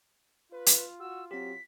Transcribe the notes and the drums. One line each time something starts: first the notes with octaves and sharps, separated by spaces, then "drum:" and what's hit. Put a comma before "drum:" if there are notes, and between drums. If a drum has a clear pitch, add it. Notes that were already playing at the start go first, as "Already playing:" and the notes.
F4 B4
drum: hi-hat
F#4 E6
F#3 C4 G4 B6